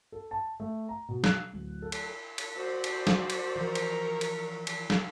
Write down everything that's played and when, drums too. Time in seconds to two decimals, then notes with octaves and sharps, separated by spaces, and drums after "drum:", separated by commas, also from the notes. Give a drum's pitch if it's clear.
0.12 A4
0.31 A5
0.60 A3
0.89 A#5
1.09 B2
1.24 F#6, drum: snare
1.54 D1
1.82 A4
1.92 drum: cymbal
2.38 drum: cymbal
2.55 F#4 C5 D5
2.84 drum: cymbal
3.07 drum: snare
3.30 drum: cymbal
3.56 E3 F3 A#4 A#5 C#6
3.75 drum: cymbal
4.21 drum: cymbal
4.67 drum: cymbal
4.90 drum: snare